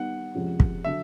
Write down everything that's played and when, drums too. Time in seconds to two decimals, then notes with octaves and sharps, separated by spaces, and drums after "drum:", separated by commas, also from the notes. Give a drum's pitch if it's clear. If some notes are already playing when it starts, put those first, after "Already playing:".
Already playing: D#3 G3 B3 D#4 F#5
0.35 F2 C3 F3 G#3 C#4
0.60 drum: kick
0.84 D3 F#3 E5